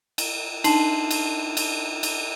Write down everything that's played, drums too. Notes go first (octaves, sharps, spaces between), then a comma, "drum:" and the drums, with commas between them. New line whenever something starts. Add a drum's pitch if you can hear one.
drum: cymbal
D4 D#4 A5 C6 C7 F#7, drum: cymbal
drum: cymbal
drum: cymbal
drum: cymbal